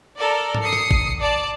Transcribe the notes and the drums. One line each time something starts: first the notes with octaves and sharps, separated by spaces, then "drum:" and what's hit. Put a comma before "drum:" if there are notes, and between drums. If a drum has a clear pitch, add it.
A4 A#4 D5
drum: tom G#2
D#6 C7 C#7
drum: rim click
drum: kick G#1
D5 A5